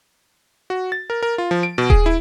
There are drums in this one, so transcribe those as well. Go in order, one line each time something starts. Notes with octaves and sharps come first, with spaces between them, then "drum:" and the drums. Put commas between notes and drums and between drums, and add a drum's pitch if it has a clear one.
F#4
A6
A#4
A#4
F4
F3
D7
B2
G#4, drum: kick D#1
E4